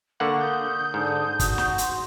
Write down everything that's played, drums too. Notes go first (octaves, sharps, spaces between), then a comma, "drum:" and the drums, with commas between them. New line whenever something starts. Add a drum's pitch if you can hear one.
D3 A#3 F#5 C#6
D#6 G6
G#2 D3 D4
F#4, drum: kick, hi-hat
drum: snare
C6, drum: hi-hat